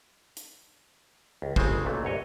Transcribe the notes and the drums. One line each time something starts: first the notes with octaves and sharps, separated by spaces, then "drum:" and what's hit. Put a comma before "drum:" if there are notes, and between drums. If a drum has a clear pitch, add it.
drum: hi-hat
C#2
G1 C#3 G#3 C4 C5, drum: kick
B1 A#2 F#3 A3
C2 F#2 C#5 D#5